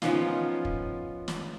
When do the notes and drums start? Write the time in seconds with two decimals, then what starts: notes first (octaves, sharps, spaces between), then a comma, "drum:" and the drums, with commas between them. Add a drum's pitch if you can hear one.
0.02 F3 B3 C#4 D#4 F4, drum: snare
0.65 drum: kick
1.28 drum: snare